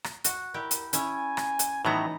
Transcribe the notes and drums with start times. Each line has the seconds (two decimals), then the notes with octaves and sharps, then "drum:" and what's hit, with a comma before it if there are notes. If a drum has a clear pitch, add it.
0.04 drum: rim click
0.24 F#4, drum: hi-hat
0.54 E4 G4 A#4
0.71 drum: hi-hat
0.93 C#4 E4 G#5, drum: hi-hat
1.37 drum: rim click
1.59 drum: hi-hat
1.85 A2 E3 F#3 B3 D#4 A#5